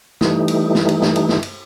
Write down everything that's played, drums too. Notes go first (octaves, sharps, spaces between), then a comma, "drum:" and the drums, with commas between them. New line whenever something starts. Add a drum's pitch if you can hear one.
E3 G3 A3 D#4, drum: snare
drum: cymbal
drum: snare
drum: cymbal
drum: snare
drum: cymbal
drum: snare
drum: cymbal